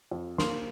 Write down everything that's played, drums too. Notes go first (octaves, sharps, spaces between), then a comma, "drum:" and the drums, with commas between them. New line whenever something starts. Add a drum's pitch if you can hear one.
F2
A#3 C6, drum: snare